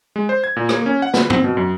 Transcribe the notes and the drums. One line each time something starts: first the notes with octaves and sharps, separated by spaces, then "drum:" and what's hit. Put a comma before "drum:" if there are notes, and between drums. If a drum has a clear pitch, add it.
G#3
C5
G#6
A#2
A#3, drum: rim click
C#4
F#5
B4, drum: snare
C4, drum: tom
B2
F#2